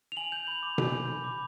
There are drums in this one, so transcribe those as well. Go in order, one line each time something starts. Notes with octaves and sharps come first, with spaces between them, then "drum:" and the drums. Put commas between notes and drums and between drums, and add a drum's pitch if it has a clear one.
F7
G#5 F#7
G6 F7
B5 F#7
D6
G#5, drum: tom B2
G6
B5
D6